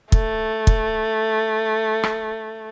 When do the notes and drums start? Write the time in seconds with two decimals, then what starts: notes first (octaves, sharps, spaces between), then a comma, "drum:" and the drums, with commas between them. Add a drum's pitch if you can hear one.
0.12 A3, drum: kick
0.67 drum: kick
2.03 drum: rim click